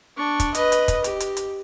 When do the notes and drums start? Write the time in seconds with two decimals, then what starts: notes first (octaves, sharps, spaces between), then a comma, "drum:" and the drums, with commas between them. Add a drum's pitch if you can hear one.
0.17 D4 C#6
0.40 drum: kick, hi-hat
0.55 B4 D#5, drum: hi-hat
0.72 drum: hi-hat
0.88 drum: kick, hi-hat
1.04 G4, drum: hi-hat
1.20 drum: hi-hat
1.37 drum: hi-hat